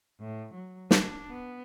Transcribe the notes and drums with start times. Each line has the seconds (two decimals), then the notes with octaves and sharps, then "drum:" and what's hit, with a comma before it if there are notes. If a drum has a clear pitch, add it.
0.20 A2
0.54 F#3
0.91 D4, drum: snare
1.30 B3